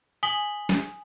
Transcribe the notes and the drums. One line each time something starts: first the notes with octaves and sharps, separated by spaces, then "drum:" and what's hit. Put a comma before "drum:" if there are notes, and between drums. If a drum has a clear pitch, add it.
G#5 D#6 B6 F#7 G7
drum: snare